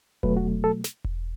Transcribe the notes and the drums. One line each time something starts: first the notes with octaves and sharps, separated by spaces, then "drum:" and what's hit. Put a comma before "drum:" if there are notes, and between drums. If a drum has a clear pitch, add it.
B2 F#3 A3 B4, drum: kick E1
F#4
A4
drum: snare
drum: kick E1